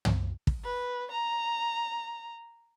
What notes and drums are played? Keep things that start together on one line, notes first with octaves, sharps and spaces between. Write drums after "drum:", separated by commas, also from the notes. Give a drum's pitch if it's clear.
drum: tom
drum: kick
B4
A#5